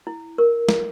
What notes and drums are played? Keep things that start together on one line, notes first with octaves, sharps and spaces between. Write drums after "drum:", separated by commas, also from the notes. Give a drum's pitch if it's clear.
E4
A#4
drum: snare